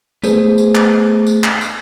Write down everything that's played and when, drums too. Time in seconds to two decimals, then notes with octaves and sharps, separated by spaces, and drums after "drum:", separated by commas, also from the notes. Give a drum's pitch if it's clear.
0.24 A3 B3 G#4 C5, drum: tambourine
0.58 drum: tambourine
0.75 drum: clap
1.27 drum: tambourine
1.44 drum: clap
1.61 drum: tambourine